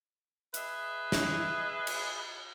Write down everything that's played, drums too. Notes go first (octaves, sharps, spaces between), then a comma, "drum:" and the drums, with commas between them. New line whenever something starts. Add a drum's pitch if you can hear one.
G#4 B4 D#5 E5, drum: hi-hat
drum: snare
drum: cymbal